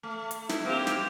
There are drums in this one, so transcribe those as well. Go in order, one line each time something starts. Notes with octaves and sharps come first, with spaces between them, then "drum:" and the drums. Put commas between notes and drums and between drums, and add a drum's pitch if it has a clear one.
A3
drum: hi-hat
E4, drum: snare
A#3 C4 G4
drum: snare